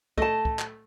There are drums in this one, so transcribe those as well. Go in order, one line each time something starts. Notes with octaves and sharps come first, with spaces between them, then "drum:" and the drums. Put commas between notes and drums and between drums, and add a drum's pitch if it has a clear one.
A3 D#5 A5, drum: kick
drum: kick
drum: clap